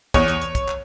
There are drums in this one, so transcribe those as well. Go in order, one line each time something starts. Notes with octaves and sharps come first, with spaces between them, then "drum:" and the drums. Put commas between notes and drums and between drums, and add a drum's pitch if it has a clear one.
E2 C#5, drum: kick, hi-hat
drum: hi-hat
drum: hi-hat
drum: kick, hi-hat
drum: clap